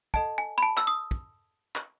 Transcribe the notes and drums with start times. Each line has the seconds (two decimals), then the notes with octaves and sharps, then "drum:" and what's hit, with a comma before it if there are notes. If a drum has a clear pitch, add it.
0.14 A4 D#5 F#5 A5, drum: kick
0.38 G#5
0.58 B5
0.63 A5
0.77 E6, drum: clap
0.87 D#6
1.11 drum: kick
1.76 drum: clap